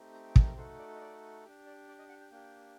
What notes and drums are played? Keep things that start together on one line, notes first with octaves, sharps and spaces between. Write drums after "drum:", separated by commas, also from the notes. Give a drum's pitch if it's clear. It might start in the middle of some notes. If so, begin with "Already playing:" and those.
Already playing: A3 C4 D#4 G4
A#5
A#4, drum: kick
A#4
A3 D#4 F#4 A4 C5
D5
D#5
D5
D4 G4
D5
D5
D#5
F#5
G5
A#3 D4 G4 G5